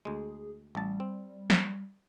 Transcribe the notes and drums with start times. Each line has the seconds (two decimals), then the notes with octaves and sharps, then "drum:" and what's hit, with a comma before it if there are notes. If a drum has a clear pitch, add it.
0.05 D2 G#3 G#4
0.75 A1 G3 A5
1.00 C4
1.50 drum: snare